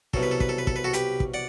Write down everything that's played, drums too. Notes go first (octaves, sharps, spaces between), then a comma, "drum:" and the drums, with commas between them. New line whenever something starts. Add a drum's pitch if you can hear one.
C2 B2 F#3 A4, drum: kick
B4
A4
B4, drum: kick
A4
B4
A4, drum: kick
B4
F#4 A4
G4 B4, drum: hi-hat
drum: kick
D5 F#5